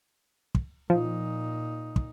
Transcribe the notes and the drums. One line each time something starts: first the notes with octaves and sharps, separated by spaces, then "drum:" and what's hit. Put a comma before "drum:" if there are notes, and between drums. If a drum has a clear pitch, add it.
drum: kick
A#2 F3 D#4
drum: kick